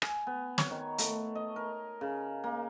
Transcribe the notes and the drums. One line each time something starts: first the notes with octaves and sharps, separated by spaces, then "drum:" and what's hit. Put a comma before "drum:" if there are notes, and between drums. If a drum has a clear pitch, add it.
G#5, drum: rim click
B3
C#5, drum: snare
D#3
A3, drum: hi-hat
D#5
A#4
C#3
A#3